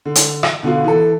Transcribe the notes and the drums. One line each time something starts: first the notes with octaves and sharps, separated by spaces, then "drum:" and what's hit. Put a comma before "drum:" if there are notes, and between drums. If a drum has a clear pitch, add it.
D3
drum: hi-hat
drum: rim click
B2 D3 B3 F4 F#4
E3 A4